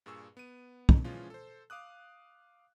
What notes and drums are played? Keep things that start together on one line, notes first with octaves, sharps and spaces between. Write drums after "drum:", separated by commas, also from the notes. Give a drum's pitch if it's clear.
G2 A#2 G#4 C#6 E6
B3 D#7
drum: kick
E3 F3 G#3 C#4 F4
A4 C5
F5 D6 D#6 F#6